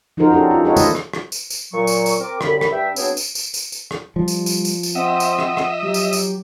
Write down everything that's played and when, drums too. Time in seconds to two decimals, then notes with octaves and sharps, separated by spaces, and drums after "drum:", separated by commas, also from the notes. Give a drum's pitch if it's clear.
0.17 F3 D#4 F4 F#4 A#4 C5
0.31 C#4 D4 F#4 G4 A4
0.51 F4
0.65 F4 G4 A4 B4 C#5 D#5
0.77 D#3 A3 A#3 C4 C5 D#5, drum: tambourine
0.95 drum: rim click
1.13 drum: rim click
1.32 drum: tambourine
1.50 drum: tambourine
1.72 A#2 F#3 C#6
1.87 drum: tambourine
2.06 drum: tambourine
2.20 C4 A#4 D6
2.41 C2 F#2 D3 B5, drum: rim click
2.61 drum: rim click
2.71 G2 E5 G5
2.96 F#3 B3 C4 D4 G#4 C#5, drum: tambourine
3.17 drum: tambourine
3.35 drum: tambourine
3.54 drum: tambourine
3.72 drum: tambourine
3.91 drum: rim click
4.16 F3 G3
4.28 drum: tambourine
4.46 drum: tambourine
4.65 drum: tambourine
4.83 drum: tambourine
4.95 C4 D#5 E5 F#5
5.20 drum: tambourine
5.39 drum: rim click
5.57 drum: rim click
5.83 F#3 G4
5.94 drum: tambourine
6.13 drum: tambourine